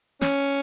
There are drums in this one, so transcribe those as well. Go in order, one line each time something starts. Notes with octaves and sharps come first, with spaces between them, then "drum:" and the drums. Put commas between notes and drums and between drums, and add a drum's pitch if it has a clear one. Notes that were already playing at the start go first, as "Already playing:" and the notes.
C#4, drum: snare